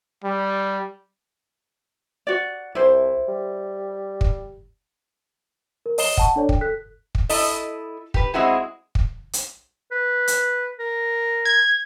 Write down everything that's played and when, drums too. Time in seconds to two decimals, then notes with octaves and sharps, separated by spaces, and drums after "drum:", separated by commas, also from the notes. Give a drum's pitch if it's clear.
0.24 G3
2.27 F#4 D5
2.75 C2 E4 C5
3.28 G3
4.21 drum: kick
5.86 A#4
5.98 C#5 D#5 D#6 C7 E7 G7, drum: open hi-hat
6.17 F#5 A5 C#6, drum: kick
6.36 D4 A4 C#5 D5
6.49 G5, drum: kick
6.61 A4 F#6 B6
7.15 drum: kick
7.29 E4 A4 D#5, drum: open hi-hat
8.14 G4 B4, drum: kick
8.34 G#3 C4 E4 F#4 G#4
8.95 drum: kick
9.33 drum: hi-hat
9.92 B4
10.28 drum: hi-hat
10.79 A#4
11.45 G#6